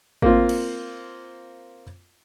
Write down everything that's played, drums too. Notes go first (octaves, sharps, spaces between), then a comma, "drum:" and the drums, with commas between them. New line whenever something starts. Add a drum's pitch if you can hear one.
A#3 C4 F4, drum: kick G#1
drum: cymbal